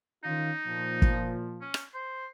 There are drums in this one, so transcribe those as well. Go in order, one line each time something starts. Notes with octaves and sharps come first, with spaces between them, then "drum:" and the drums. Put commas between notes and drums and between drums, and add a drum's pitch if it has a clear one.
D#3 C#4 D#4 F4
A#2 F3
drum: kick
C#4
drum: rim click
C5